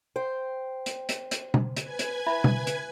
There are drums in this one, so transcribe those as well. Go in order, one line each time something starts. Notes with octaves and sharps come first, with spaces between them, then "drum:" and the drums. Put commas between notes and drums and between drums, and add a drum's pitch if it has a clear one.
C5 G5
drum: hi-hat
drum: hi-hat
drum: hi-hat
drum: tom B2
B4 G#5 G#6, drum: hi-hat
drum: hi-hat
E4 E5 B5
drum: tom B2
drum: hi-hat